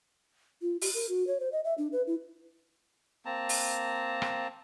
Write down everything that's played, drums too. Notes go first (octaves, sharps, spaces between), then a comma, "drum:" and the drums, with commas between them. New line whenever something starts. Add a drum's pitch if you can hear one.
F4
G4, drum: open hi-hat
A#4
F#4
C#5
C5
D#5
E5
D4
B4
E4
A#3 C4 A5 A#5
drum: open hi-hat
drum: rim click